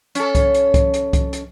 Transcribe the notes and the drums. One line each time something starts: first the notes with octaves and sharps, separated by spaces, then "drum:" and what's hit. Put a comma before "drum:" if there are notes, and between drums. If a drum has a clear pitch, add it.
C#4 A4, drum: hi-hat
drum: kick C2, hi-hat
drum: hi-hat
drum: kick C2, hi-hat
drum: hi-hat
drum: kick C2, hi-hat
drum: hi-hat